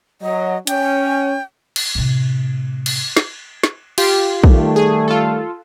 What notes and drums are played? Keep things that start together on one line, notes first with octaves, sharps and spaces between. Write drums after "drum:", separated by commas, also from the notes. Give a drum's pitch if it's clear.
F#3 D#5
C#4 G5, drum: hi-hat
drum: cymbal
A2 C3
drum: cymbal
drum: snare
drum: snare
F4 G4, drum: cymbal
D#3 G3 A3, drum: kick
G#4
F4 A4